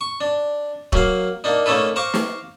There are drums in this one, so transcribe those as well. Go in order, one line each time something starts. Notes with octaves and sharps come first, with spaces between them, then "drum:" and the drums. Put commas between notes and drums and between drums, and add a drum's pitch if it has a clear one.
C#6
D4
F#3 A#3 F5, drum: kick D#1
A#3 D4 D#4
A3 A#3 C#4 D#4 A4 B4
C5 F5 A#5 C#6 D6
drum: snare